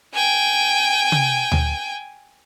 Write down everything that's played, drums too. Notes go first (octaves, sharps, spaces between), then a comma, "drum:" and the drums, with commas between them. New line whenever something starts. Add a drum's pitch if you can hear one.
G5 G#5
drum: tom C3
drum: tom D2